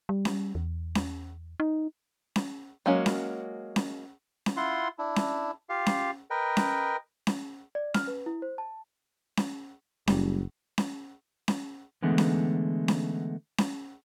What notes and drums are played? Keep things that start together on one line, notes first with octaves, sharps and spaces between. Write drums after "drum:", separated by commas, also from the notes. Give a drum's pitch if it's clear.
G3
drum: snare C#4
E2
drum: snare C#4
D#4
drum: snare C#4
F#3 G#3 A#3 C#4 F#4
drum: snare C#4
drum: snare C#4
drum: snare C#4
E4 F4 F#5 C6
D4 E4
drum: snare C#4
F4 G4 F5
drum: snare C#4
A#4 B4 D#5 G5
drum: snare C#4
drum: snare C#4
D5
F6, drum: snare C#4
B4
E4
C5
A5
drum: snare C#4
F#1 G3, drum: snare C#4
drum: snare C#4
drum: snare C#4
D3 E3 G#3 A3 B3
drum: snare C#4
drum: snare C#4
drum: snare C#4